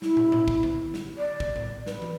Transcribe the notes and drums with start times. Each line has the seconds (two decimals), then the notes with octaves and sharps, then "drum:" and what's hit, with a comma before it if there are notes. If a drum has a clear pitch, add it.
0.02 E4, drum: snare
0.17 drum: tom
0.32 drum: tom A2
0.48 drum: kick
0.63 drum: tom D3
0.94 drum: snare
1.18 D5
1.40 drum: kick
1.56 drum: tom A2
1.86 B4, drum: snare
2.02 drum: tom